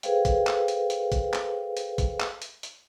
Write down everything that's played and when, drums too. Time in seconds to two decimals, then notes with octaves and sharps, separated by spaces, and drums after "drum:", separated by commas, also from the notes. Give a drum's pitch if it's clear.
0.03 G#4 A4 B4 C5 F5 G5, drum: hi-hat
0.25 drum: kick, hi-hat
0.47 drum: clap
0.68 drum: hi-hat
0.90 drum: hi-hat
1.12 drum: kick, hi-hat
1.33 drum: clap
1.77 drum: hi-hat
1.98 drum: kick, hi-hat
2.20 drum: clap
2.42 drum: hi-hat
2.63 drum: hi-hat